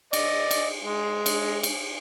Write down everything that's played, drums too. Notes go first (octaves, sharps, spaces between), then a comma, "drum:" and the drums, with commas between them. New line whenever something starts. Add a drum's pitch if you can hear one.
D5 D#5, drum: cymbal
drum: cymbal
G#3
drum: cymbal
drum: cymbal